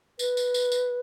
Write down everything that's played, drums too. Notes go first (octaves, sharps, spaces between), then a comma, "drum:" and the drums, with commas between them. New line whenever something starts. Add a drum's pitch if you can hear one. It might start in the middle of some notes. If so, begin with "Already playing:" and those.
B4, drum: tambourine
drum: tambourine
drum: tambourine
drum: tambourine